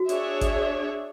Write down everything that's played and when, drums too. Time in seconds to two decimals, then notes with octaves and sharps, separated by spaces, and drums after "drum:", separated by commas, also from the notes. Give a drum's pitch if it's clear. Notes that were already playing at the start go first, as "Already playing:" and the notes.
Already playing: F#4
0.09 D4 G#4 C#5 E5, drum: hi-hat
0.41 drum: kick G#1, hi-hat